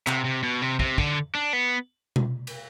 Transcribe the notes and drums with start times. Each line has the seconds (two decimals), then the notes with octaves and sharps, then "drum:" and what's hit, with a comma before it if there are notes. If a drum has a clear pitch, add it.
0.07 C3, drum: clap
0.25 C3
0.43 B2
0.62 C3
0.79 C3, drum: kick
0.98 D3, drum: kick
1.35 D4
1.53 B3
2.16 drum: tom B2
2.47 drum: cymbal